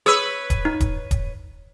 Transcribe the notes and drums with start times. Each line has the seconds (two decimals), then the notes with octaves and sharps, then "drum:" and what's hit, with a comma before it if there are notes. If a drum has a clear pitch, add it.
0.06 G#4 B4 C#5 D#6 E6
0.50 drum: kick D#1, hi-hat
0.65 D#4
0.80 drum: kick D#1, hi-hat
1.11 drum: kick D#1, hi-hat